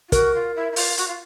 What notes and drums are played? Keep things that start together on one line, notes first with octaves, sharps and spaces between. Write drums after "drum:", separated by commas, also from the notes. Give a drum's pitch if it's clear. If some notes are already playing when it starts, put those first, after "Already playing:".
F4
F#4 A#4, drum: kick, hi-hat
F4
E4
E4
F4, drum: open hi-hat
F#4, drum: hi-hat
F4